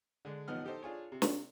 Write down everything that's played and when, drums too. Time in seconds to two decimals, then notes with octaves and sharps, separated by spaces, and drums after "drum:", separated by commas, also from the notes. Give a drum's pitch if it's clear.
0.25 D3 G#3
0.48 A1 F3 B3 D#4 F#5 F6
0.64 D#4 G4 A4 C5 D#5
0.82 D4 F4 G#4 C#5
1.12 C3
1.22 drum: snare